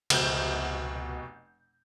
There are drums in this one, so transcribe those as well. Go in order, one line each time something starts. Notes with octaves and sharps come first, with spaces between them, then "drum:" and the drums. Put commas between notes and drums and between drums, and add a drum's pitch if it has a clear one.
F1 C#2 B2 F#5 G6, drum: cymbal